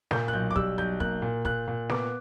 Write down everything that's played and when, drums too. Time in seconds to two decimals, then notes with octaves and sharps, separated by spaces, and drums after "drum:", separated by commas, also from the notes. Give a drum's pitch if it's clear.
0.11 A#2 G6, drum: snare
0.28 F#6
0.33 B1 G6
0.51 D6
0.56 G3 E6, drum: kick
0.78 B1 G6
1.00 A#3 F#6, drum: kick
1.22 A#2
1.45 A#2 F#6, drum: kick
1.68 A#2
1.89 B3 D6, drum: snare